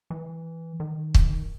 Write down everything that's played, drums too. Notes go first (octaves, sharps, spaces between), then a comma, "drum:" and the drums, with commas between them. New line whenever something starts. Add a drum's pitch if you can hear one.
E3
D#3
drum: kick